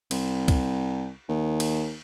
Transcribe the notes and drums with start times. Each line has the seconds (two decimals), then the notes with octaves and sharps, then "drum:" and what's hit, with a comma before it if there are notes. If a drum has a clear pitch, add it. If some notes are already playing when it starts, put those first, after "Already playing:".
0.11 C2, drum: cymbal
0.48 drum: kick C2, cymbal
1.29 D#2
1.60 drum: cymbal